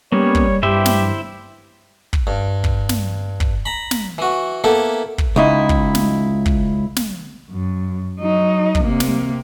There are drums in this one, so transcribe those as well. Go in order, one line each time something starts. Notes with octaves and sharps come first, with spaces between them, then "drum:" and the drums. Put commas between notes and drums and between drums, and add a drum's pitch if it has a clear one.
G3 A#3 B3 C#4 C#5
drum: kick
G2 E4 G4 C5 E5
drum: snare
drum: kick
G2
drum: kick
drum: snare
drum: kick
A#5 B5
drum: snare
E3 F#4
A#3 B3 E4 G4 A4
drum: kick
C#2 D#4 E4
drum: kick
drum: snare
drum: kick
drum: snare
F#2
F#3 D#4
drum: kick
C3 A#3
drum: snare